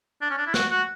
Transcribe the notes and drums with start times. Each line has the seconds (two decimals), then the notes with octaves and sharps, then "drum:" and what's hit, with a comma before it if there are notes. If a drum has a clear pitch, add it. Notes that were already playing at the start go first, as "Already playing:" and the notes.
0.22 D4
0.30 C#4
0.38 D4
0.47 E4
0.54 F#4, drum: snare
0.71 F#4